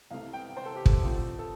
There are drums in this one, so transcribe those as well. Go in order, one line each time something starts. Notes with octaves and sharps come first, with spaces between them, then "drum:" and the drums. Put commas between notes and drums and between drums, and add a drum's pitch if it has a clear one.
C2 C3 A3 F5
G5
C5
A4
G4
A4, drum: kick
F2 D3 F3 A3
A4